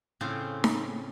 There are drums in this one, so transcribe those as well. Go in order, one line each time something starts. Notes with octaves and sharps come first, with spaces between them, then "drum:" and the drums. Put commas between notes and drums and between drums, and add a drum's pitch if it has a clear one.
A2 C#3 C4 F4 G#4
drum: snare D#4